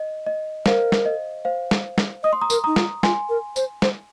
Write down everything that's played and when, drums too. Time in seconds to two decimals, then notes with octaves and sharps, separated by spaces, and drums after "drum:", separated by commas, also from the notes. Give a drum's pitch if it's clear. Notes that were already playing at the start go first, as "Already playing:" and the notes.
Already playing: D#5
0.27 D#5
0.66 A#4 C5 F5, drum: snare
0.92 drum: snare
1.06 D#5
1.45 C5 F5
1.71 drum: snare
1.98 drum: snare
2.24 D#5 D#6
2.33 C6
2.41 A#5 D#6
2.50 A#4, drum: tambourine
2.64 D#4 A#5 D#6
2.76 F4, drum: snare
3.03 F4 G#5 C6, drum: snare
3.29 A#4
3.56 C5, drum: tambourine
3.82 C5, drum: snare